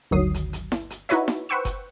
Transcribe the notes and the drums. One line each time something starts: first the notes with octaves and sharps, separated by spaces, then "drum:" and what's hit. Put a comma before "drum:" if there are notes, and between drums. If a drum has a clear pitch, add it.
G1 D2 D#3 F#3 D#6 C7
drum: hi-hat
drum: hi-hat
drum: snare E4
drum: hi-hat
D#4 E4 F#4 B4 C#5 E5, drum: hi-hat
drum: snare E4
B4 C5 F#5 G5 C#6 E6
drum: kick F#1, hi-hat